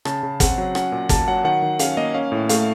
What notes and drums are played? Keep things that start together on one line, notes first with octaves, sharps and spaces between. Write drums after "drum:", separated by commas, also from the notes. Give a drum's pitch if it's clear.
C#3 A5, drum: rim click
C#3
C4 F#5, drum: kick, hi-hat
F#3
C#4 F#5, drum: rim click
A#2
A#3 A5, drum: kick, hi-hat
F#3 F#5
D#3 F#5
D#3
C#4 F5, drum: hi-hat
A#3 D#5
C#4 F5
A2
A3 F5, drum: hi-hat